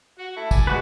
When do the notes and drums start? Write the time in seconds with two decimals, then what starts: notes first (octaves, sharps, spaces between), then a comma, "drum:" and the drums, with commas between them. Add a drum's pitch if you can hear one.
0.19 F#4 F#5
0.37 E4 A4
0.51 D5 G#5, drum: kick, tambourine
0.67 G#3 F#4 B4